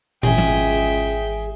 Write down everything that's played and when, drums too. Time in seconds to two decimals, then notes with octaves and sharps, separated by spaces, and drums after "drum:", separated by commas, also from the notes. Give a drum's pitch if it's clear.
0.23 G#1 C#2 E3 G#4 E5 G5, drum: tom
0.38 drum: tom E3